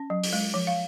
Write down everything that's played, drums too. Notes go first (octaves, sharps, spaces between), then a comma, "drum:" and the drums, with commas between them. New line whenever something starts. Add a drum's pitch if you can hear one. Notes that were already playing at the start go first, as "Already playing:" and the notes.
Already playing: C#4
F#3
drum: open hi-hat
G#3
F3
F5